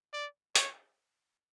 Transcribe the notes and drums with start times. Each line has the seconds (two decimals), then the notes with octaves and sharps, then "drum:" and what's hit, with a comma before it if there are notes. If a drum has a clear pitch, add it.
0.13 D5
0.55 C#5, drum: hi-hat